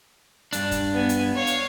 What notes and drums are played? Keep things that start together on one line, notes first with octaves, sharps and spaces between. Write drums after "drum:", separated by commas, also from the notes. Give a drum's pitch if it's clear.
G2 D4, drum: hi-hat
drum: kick, hi-hat
B3 G#5
drum: hi-hat
C#5 F5
drum: hi-hat